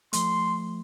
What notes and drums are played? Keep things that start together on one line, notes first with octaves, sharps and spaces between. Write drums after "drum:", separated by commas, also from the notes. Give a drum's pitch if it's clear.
F3 A3 C6, drum: hi-hat